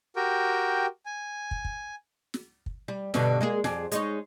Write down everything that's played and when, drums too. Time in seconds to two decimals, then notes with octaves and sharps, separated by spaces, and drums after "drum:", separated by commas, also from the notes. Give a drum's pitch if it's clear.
0.16 F#4 G4 A#4 G5
1.06 G#5
1.51 drum: kick
1.65 drum: kick
2.34 drum: snare
2.66 drum: kick
2.88 G3
3.14 G2 B2 D3, drum: snare
3.41 G#3 A#3 G#4
3.64 F2 G#4 D5, drum: snare
3.92 G#3 D#4 C#5, drum: hi-hat